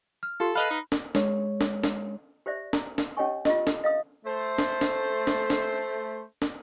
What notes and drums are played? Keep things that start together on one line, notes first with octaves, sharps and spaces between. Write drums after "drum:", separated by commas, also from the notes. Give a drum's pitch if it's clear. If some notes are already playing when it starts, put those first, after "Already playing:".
F6
F4 G4 A4 C6
B4 D#5 F5 B5 F6 F#6 F#7
D#4
drum: snare
G#3 C#5, drum: snare
drum: snare
drum: snare
G4 C5 D5 E5
A#5, drum: snare
drum: snare
C#4 G4 C#5 D#5 G#5 C#6
F4 G4 D#5, drum: snare
A4, drum: snare
D#5 F5 D#6
A3 C5
drum: snare
drum: snare
drum: snare
drum: snare
drum: snare